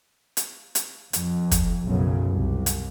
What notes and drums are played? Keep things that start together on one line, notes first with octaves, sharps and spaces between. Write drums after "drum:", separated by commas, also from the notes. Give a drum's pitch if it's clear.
drum: hi-hat
drum: hi-hat
F2, drum: hi-hat
drum: kick, hi-hat
B1 F#2 C#3
C2
drum: hi-hat